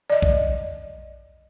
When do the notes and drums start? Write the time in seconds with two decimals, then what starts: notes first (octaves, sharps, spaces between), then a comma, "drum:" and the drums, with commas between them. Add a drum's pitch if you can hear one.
0.10 D5 D#5
0.22 drum: kick B1